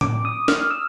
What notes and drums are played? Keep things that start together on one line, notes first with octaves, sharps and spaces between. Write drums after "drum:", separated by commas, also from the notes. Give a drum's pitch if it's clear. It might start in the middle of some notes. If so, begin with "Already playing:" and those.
D6, drum: tom
D#6
F6, drum: snare
E6